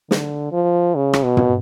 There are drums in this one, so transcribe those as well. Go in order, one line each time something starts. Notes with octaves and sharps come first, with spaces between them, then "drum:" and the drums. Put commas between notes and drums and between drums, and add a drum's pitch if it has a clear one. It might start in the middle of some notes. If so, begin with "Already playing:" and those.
D3, drum: snare
F3
C#3
drum: rim click
B2
drum: tom